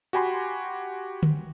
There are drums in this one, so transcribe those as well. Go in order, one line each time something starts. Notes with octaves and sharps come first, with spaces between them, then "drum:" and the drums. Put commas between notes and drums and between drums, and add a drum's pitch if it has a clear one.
F#4 G4 G#5 B5 C6
drum: tom D3